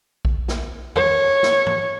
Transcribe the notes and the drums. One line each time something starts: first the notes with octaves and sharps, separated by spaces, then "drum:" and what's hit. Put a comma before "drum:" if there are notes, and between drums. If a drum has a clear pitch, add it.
drum: kick A#1
drum: snare
C#5, drum: tom E2
drum: snare
drum: tom